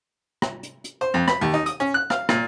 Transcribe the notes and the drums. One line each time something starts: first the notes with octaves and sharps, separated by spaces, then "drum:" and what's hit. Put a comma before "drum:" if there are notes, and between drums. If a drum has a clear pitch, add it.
drum: rim click
drum: hi-hat
drum: hi-hat
C5
F2
B5, drum: rim click
D#2
D#4
D#6, drum: hi-hat
C#4
F#6
F5, drum: rim click
A#2, drum: rim click